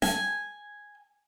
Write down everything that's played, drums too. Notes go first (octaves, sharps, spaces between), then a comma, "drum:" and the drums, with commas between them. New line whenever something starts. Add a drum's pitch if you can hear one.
G#5, drum: snare